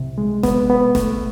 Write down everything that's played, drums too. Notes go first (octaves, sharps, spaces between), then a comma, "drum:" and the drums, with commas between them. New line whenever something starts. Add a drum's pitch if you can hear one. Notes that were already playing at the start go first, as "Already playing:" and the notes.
Already playing: C2 C3
G#3
B3, drum: snare E1
B3
A3, drum: snare E1